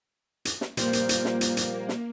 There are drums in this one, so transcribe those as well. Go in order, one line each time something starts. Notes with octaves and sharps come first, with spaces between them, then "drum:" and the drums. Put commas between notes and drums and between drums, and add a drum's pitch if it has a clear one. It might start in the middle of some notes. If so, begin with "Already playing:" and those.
drum: hi-hat
drum: snare
A#2 F3 G3 A#3, drum: hi-hat
drum: hi-hat
drum: hi-hat
drum: snare
drum: hi-hat
drum: hi-hat
drum: snare